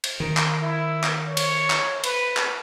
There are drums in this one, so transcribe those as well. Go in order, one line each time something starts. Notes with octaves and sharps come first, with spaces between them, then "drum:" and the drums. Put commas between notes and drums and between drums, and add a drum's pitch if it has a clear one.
drum: cymbal
D#3
drum: clap
E4
drum: clap
C#5
drum: cymbal
drum: clap
B4, drum: cymbal
drum: clap